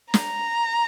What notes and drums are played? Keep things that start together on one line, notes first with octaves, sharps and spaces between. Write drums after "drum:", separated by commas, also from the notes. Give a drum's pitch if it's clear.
A#5, drum: snare